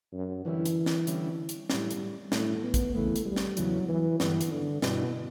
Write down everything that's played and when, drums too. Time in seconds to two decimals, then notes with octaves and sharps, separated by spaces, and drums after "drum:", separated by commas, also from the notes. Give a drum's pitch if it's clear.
0.13 F#2
0.45 D3 E3 G3 C#4 E4
0.66 drum: hi-hat
0.86 drum: snare
1.07 D3 G3 C#4 E4, drum: hi-hat
1.49 drum: hi-hat
1.70 A2 F#3 G3 C#4 E4, drum: snare
1.91 drum: hi-hat
2.32 A2 F#3 A3 C#4 E4, drum: snare
2.63 B3
2.74 drum: kick A#1, hi-hat
2.95 E2 C#3 E3 A3 B3
3.16 drum: hi-hat
3.25 G3
3.36 drum: snare
3.57 E2 C#3 E3 F#3 B3, drum: hi-hat
3.89 E3
4.20 G2 D3 E3 G3 B3 E4, drum: snare
4.41 drum: hi-hat
4.51 D3
4.82 G2 B2 D3 G3 B3 E4, drum: snare